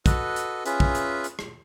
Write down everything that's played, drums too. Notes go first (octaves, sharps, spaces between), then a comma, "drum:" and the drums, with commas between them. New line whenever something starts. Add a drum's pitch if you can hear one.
F#4 A4 B4 D#5, drum: kick, hi-hat
drum: hi-hat
C#4 F4 G#4 B4 E5, drum: hi-hat
drum: kick
drum: hi-hat
drum: hi-hat
drum: rim click